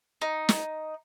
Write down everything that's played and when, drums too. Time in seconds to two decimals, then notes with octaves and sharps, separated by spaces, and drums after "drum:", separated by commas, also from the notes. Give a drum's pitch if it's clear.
0.22 D#4
0.49 drum: snare